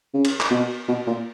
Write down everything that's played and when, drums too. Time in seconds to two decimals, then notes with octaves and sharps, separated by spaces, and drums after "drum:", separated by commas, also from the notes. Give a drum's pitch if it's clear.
0.14 C#3
0.25 drum: cymbal
0.40 drum: clap
0.51 B2
0.88 B2
1.07 A#2